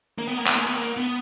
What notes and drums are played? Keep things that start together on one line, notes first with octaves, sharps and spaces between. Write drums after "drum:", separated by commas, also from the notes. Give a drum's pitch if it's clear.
A#3
B3
A#3
B3, drum: clap
A#3, drum: open hi-hat
B3
A#3
B3